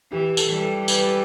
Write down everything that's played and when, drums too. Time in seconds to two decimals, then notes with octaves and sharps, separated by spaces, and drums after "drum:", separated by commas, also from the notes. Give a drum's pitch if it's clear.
0.12 E3 G4
0.37 A4, drum: tambourine
0.50 E3 G3
0.62 A4
0.88 B4, drum: tambourine